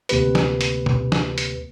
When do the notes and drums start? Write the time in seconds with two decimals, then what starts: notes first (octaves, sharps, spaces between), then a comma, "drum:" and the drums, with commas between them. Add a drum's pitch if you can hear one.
0.09 D2 C3 A#3 G4 B4, drum: hi-hat
0.35 drum: snare
0.61 drum: hi-hat
0.86 drum: tom B2
1.12 drum: snare
1.38 drum: hi-hat